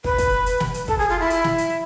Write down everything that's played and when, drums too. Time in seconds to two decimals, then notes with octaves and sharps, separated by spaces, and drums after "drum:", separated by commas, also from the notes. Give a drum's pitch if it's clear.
0.04 B4, drum: kick
0.18 drum: kick, hi-hat
0.46 drum: hi-hat
0.60 drum: snare
0.74 drum: hi-hat
0.88 A4, drum: kick
0.98 G#4
1.09 F4
1.20 E4
1.30 drum: hi-hat
1.44 drum: snare
1.58 drum: hi-hat